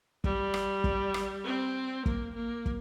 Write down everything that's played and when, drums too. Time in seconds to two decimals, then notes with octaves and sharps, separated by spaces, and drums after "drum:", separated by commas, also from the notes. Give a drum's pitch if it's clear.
0.24 G3, drum: kick
0.54 drum: rim click
0.84 drum: kick
1.14 drum: rim click
1.45 C4
2.06 A#3, drum: kick
2.35 A#3
2.66 drum: kick